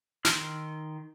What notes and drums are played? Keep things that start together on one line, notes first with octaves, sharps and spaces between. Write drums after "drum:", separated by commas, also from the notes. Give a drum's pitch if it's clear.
D#3 C6 E6 F6, drum: snare